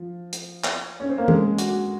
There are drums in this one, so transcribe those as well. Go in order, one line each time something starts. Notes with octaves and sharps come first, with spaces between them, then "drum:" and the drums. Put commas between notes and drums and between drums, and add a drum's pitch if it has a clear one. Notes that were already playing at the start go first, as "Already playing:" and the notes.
Already playing: F3
drum: hi-hat
drum: clap
C#4
C4
A#3
G#3, drum: tom
F#4, drum: hi-hat